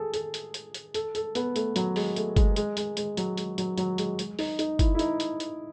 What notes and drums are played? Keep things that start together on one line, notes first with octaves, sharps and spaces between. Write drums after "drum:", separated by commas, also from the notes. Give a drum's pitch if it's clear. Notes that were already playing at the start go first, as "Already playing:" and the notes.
Already playing: G#4 A4
A4, drum: hi-hat
drum: hi-hat
drum: hi-hat
drum: hi-hat
A4, drum: hi-hat
A4, drum: hi-hat
B3, drum: hi-hat
A3, drum: hi-hat
F#3, drum: hi-hat
G#3, drum: open hi-hat
A3, drum: hi-hat
G#3, drum: kick, hi-hat
G#3, drum: hi-hat
G#3, drum: hi-hat
G#3, drum: hi-hat
F#3, drum: hi-hat
G#3, drum: hi-hat
F#3, drum: hi-hat
F#3, drum: hi-hat
G#3, drum: hi-hat
G#3, drum: hi-hat
D#4, drum: open hi-hat
D#4, drum: hi-hat
E4, drum: kick, hi-hat
E4
D#4, drum: hi-hat
drum: hi-hat
drum: hi-hat